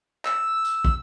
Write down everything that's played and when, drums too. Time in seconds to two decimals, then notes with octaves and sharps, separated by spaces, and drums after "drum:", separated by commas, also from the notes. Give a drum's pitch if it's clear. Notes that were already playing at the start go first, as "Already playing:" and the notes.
0.25 E6, drum: clap
0.65 drum: tambourine
0.85 drum: kick